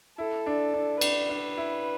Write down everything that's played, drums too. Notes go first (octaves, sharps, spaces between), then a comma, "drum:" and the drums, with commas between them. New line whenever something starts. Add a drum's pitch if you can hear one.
E4 A4
D4
D4
D4 B4, drum: cymbal
D4
E4